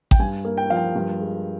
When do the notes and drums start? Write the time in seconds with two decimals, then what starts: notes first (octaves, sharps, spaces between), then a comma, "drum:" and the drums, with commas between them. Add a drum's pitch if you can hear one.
0.11 G5, drum: kick A1
0.20 G2 G#5
0.45 A#3
0.58 G5
0.70 F3 F5
0.77 G5
0.96 G2
1.21 G#3